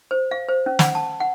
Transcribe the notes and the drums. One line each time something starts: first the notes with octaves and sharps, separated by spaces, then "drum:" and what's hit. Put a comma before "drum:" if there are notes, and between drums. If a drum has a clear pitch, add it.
C5
F5
C5
C#4
F#5, drum: snare
A5
F#5